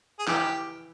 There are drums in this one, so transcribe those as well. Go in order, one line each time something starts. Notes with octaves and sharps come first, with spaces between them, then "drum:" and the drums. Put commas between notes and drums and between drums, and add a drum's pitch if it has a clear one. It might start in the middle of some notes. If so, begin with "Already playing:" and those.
G#4
E3 G4, drum: clap